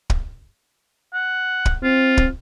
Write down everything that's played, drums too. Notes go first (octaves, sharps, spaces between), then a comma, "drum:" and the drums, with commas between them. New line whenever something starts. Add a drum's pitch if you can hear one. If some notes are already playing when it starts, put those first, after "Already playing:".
drum: kick
F#5
drum: kick
C4 F4
drum: kick